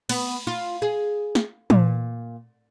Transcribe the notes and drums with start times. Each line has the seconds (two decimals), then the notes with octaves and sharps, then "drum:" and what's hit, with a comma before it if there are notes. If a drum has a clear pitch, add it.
0.09 B3, drum: cymbal
0.47 F4
0.82 G#4
1.35 drum: snare
1.70 A#2, drum: tom